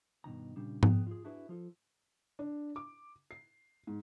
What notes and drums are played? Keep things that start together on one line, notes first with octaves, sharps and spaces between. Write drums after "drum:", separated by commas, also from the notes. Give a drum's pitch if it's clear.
G2 B2 D#3 A#5
A#2 C#3 G3 D4
B3 G#4 B4 G5, drum: tom G#2
F4 G#4
D4 E4 F#4 G#4 B4 E5
F3 F4 A4
D4
D6
C7
G#2